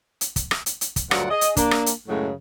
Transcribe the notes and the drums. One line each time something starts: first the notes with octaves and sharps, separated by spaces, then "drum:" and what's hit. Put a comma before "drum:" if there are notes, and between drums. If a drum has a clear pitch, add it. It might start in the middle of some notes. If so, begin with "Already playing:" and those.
drum: hi-hat
drum: kick, hi-hat
drum: rim click
drum: hi-hat
drum: hi-hat
drum: kick, hi-hat
D2 G2 F#3 F4 D5 F#5, drum: rim click
G#4 D#5
drum: hi-hat
A#3 D4, drum: kick, hi-hat
drum: rim click
drum: hi-hat
F#2 A2 C#3 F#3 G#3 A3